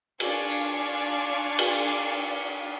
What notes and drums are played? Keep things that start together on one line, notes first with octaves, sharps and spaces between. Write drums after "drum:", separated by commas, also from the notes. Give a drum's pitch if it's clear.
D4 F4 D5 F5 G#5 C#6, drum: cymbal
drum: tambourine
drum: cymbal